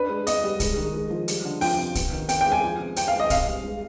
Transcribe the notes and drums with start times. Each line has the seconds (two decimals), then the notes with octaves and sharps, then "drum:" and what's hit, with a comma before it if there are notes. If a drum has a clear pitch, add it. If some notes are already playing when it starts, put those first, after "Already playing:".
Already playing: D4 B4
0.09 G#3
0.27 B3 D#5, drum: hi-hat
0.44 G3
0.60 G#3, drum: kick B1, hi-hat
0.77 D#3
0.94 G#3
1.11 F3
1.28 G3, drum: hi-hat
1.45 D3
1.61 F3 G5, drum: open hi-hat
1.78 C3
1.95 B3, drum: kick B1, hi-hat
2.12 D#3
2.29 B3 G5, drum: hi-hat
2.41 G5
2.46 G#3
2.52 G#5
2.63 F3
2.79 C3
2.96 B3 G5, drum: hi-hat
3.08 F5
3.13 G#3
3.20 D#5
3.30 C4 F5, drum: kick B1, hi-hat
3.47 G3
3.64 G#3